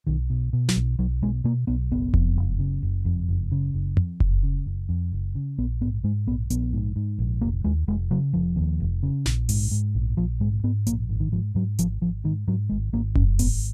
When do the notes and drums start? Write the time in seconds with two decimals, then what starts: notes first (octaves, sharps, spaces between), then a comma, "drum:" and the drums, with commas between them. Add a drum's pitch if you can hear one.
0.07 B1 D#3
0.30 B2
0.53 B2
0.69 F#3, drum: snare
0.76 B1
0.98 B1 F#3
1.22 B2 G#3
1.44 B2 A#3
1.67 B1 B3
1.91 F#1 B3
2.14 F2, drum: kick F1
2.37 F#1
2.59 C#3
2.83 F#1
3.05 F2
3.29 F#1
3.52 C#3
3.74 F#1
3.97 F2, drum: tom F2
4.20 F#1, drum: kick F1
4.43 C#3
4.66 F#1
4.89 F2
5.13 F#1
5.35 C#3
5.58 A#1 B3
5.81 G#2 B3
6.04 G#2 G#3
6.27 A#1 B3
6.50 A#1 B3, drum: hi-hat
6.73 G#2
6.96 G#2
7.19 A#1
7.41 F1 A#3
7.64 D#2 G#3
7.88 F1 G#3
8.11 C#3 F#3
8.33 F1 F3
8.56 D#2
8.80 F1
9.03 C#3
9.26 A#1, drum: snare
9.49 G#2, drum: open hi-hat
9.71 G#2
9.95 A#1
10.17 A#1 F3
10.40 G#2 G#3
10.63 G#2 B3
10.87 A#1 A#3, drum: hi-hat
11.09 G#1
11.20 D#3
11.32 G#2 F3
11.55 G#2 F#3
11.79 G#1 F3, drum: hi-hat
12.01 G#1 F3
12.24 G#2 D#3
12.47 G#2 F#3
12.70 G#1 G#3
12.93 G#1 A#3
13.15 F#2 C#4, drum: kick F1
13.39 G#1 B3, drum: open hi-hat